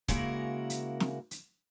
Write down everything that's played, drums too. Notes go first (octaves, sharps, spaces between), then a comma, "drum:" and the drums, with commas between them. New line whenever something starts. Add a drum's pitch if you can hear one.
C#3 G#3 A#3 E4 F#4 A#4, drum: kick, hi-hat
drum: hi-hat
drum: snare
drum: hi-hat